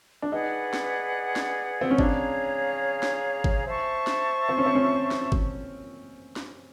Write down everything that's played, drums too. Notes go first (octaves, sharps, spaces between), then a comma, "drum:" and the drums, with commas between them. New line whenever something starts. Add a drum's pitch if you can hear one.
D4
D#4 G#4 B4 D5 F#5
drum: snare
drum: snare
C4
C#4
D4 G#4 C#5 F5 A#5, drum: kick G1
drum: snare
drum: kick G1
C5 E5 A5 C#6
drum: snare
C4
C#4
C4
C#4
drum: snare
drum: kick G1
drum: snare